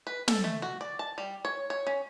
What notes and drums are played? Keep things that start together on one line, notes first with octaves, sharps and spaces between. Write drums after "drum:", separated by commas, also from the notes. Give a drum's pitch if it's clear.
B4
A4, drum: snare
A3
F#4
D5
A5
G3
C#5
C#5
C#4